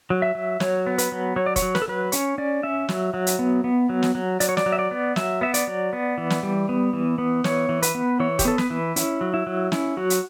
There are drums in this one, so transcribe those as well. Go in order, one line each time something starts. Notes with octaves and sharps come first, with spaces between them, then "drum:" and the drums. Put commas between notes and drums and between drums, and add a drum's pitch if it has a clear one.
F#3
E5
F#3
F#3 C#5, drum: snare
B3
B4, drum: hi-hat
F#3
F#3 C#5
D5
C#5, drum: kick F1, hi-hat
F#3
B4, drum: snare
A4
F#3 B4
C#4 C#5, drum: hi-hat
C#4 D5
C#4 E5
F#3, drum: snare
F#3
drum: hi-hat
B3
B3
F#3
drum: snare
F#3
F#3 D5, drum: hi-hat
C#5
D5, drum: snare
F#3
E5
D5
B3
F#3 E5, drum: snare
B3 E5
D5, drum: hi-hat
F#3
B3
E3
drum: snare
G3
B3
E3
B3
E3 C#5, drum: snare
E3
B4, drum: hi-hat
B3
E3 C#5
G4, drum: kick F1, hi-hat
B3 A4
B4, drum: snare
E3
C#4 E4, drum: hi-hat
F#3
E4
F#3
C#4 E4, drum: snare
F#3 F#4
drum: hi-hat